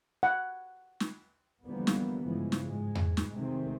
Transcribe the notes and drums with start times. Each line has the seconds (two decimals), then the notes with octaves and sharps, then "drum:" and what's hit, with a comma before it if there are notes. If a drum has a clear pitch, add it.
0.23 F#5
1.00 drum: snare
1.65 D3 E3 F3 G3 A#3 B3
1.87 drum: snare
2.26 G2 C#3 E3 F3 G#3
2.52 drum: snare
2.64 G#2 G#3
2.95 drum: tom E2
3.17 drum: snare
3.36 C3 D#3 G#3 A3 C4